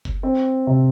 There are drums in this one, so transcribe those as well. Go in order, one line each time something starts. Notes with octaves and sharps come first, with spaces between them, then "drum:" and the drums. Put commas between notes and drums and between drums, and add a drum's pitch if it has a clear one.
drum: kick F#1
C4
C3